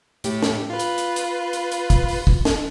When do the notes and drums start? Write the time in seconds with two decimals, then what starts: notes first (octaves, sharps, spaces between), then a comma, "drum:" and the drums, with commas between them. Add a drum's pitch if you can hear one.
0.24 A2 G4, drum: hi-hat
0.42 drum: snare
0.70 F4 B4
0.79 drum: hi-hat
0.98 drum: hi-hat
1.16 drum: hi-hat
1.53 drum: hi-hat
1.72 drum: hi-hat
1.90 drum: kick, hi-hat
2.08 drum: open hi-hat
2.27 drum: kick
2.45 drum: snare